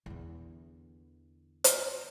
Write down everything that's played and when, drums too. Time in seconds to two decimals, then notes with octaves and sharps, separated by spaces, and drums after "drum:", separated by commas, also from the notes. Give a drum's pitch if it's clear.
0.06 E2 D3
1.64 drum: hi-hat